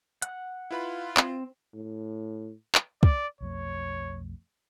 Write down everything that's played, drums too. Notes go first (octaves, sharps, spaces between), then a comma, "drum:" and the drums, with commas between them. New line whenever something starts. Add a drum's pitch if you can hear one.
F#5 F#6, drum: hi-hat
E4 F4 B4 B5
C4, drum: clap
A2
drum: clap
D5, drum: kick
B1 F2 A3 C#5